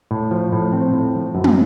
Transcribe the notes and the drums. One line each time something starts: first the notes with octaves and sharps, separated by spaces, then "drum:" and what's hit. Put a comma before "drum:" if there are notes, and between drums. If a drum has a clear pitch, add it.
A2
F3
A2
C4
A2
F3
F#2
drum: tom